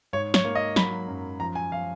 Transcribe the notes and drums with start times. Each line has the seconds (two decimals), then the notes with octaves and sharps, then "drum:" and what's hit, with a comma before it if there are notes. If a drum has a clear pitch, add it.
0.13 G#2 C#5
0.34 C#5, drum: snare
0.45 A#3
0.55 D#5
0.76 F#3 B5, drum: snare
1.08 F#2
1.40 F3 A#5
1.55 G#5
1.72 F3 F5